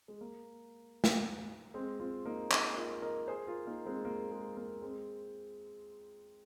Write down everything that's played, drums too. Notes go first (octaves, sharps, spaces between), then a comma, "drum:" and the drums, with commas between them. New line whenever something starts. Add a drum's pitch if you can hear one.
G#3
A#3
drum: snare
G#3 C4
C4 F4
A#3 D#4
A#3 D#4, drum: clap
F4 A#4
A#4 D#5
G#4 C5
F4 A#4
A#3 D#4
G#3 C4
A#3
G#3
A#3
G#3 C4